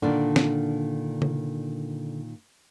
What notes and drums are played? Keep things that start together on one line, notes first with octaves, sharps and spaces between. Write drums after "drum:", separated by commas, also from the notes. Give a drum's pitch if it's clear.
A#2 D3 D#3 D4
drum: snare
drum: tom C#3